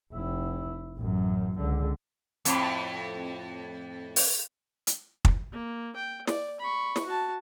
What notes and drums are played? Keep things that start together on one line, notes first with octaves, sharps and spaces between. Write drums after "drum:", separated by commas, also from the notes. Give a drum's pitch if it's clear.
F1 E4
A1 F#2
C#2 D3
F2 A2, drum: hi-hat
drum: open hi-hat
drum: hi-hat
drum: kick
A#3
G5
D5, drum: snare
B5 C#6
drum: snare
F#4 A5